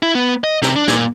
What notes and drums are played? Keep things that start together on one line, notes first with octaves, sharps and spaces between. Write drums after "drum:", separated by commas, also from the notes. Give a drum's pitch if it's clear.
E4
B3
D#5
C3, drum: snare
D4
A#2, drum: snare